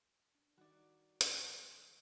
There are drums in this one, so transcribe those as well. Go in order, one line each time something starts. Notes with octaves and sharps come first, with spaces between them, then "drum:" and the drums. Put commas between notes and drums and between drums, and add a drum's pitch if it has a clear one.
D4
D#3 G3 D#4 F#4 D5
D#3 G#3 B3, drum: hi-hat